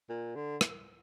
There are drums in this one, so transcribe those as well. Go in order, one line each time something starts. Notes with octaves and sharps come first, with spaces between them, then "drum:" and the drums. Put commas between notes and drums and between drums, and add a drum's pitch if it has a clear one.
A#2
D3
drum: rim click